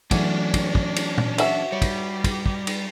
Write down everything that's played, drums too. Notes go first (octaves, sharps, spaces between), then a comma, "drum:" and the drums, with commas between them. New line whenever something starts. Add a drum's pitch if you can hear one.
E3 F#3 A3 C#4 D4, drum: kick, cymbal
drum: kick, cymbal
drum: kick
drum: cymbal
drum: tom A#2
F#4 E5, drum: cymbal
G3 C#5
drum: kick, cymbal
drum: kick, cymbal
drum: kick
drum: cymbal